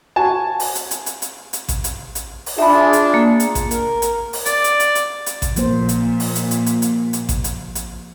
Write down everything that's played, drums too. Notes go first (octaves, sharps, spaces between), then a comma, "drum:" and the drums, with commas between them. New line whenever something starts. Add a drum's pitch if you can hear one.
F#4 G#5 A5
drum: open hi-hat
drum: hi-hat
drum: hi-hat
drum: hi-hat
drum: hi-hat
drum: hi-hat
drum: kick A1, hi-hat
drum: hi-hat
drum: hi-hat
drum: open hi-hat
D4 F4 G#4 E5 B5
drum: hi-hat
A#3
drum: hi-hat
drum: kick A1, hi-hat
A#4, drum: hi-hat
drum: hi-hat
drum: open hi-hat
D5, drum: hi-hat
drum: hi-hat
drum: hi-hat
drum: hi-hat
drum: hi-hat
drum: kick A1, hi-hat
A#2 F3 A#3 C5, drum: hi-hat
drum: hi-hat
drum: open hi-hat
drum: hi-hat
drum: hi-hat
drum: hi-hat
drum: hi-hat
drum: hi-hat
drum: kick A1, hi-hat
drum: hi-hat
drum: hi-hat